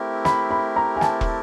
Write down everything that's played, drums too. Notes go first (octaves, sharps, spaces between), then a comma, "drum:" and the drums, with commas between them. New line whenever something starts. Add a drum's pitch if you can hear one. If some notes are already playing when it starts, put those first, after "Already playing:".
Already playing: A3 C4 E4 G4 A#4
B5, drum: snare
B5
A#5
G#5
A5, drum: snare
drum: kick